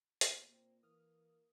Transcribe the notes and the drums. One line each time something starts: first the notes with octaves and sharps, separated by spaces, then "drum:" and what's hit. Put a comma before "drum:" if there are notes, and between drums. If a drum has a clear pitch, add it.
B2 A#3, drum: hi-hat
A#2 C4
E3 A#3 D#6 F6